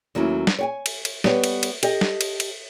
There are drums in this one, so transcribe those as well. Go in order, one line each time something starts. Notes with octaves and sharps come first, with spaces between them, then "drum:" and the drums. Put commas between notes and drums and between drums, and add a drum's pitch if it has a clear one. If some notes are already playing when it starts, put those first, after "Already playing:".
D#2 F#3 A3 C#4 E4
drum: snare
C#5 G5 G#5
drum: cymbal
drum: cymbal
G3 B3 G4 C#5, drum: snare
drum: cymbal
drum: cymbal
G4 A4 D#5, drum: cymbal
drum: snare
drum: cymbal
drum: cymbal